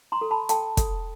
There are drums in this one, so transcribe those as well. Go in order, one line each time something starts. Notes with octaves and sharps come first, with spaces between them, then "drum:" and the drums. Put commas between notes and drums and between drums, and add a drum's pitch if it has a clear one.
A#5 C6
A4
A5 B5
A4 G5 A5, drum: hi-hat
A4, drum: kick, hi-hat